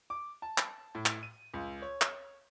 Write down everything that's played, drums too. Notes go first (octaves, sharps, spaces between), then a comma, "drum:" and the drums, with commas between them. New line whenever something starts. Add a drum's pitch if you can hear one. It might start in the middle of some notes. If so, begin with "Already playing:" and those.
D6
A5
drum: clap
A2
drum: clap
D#7
C#2
C#5
drum: clap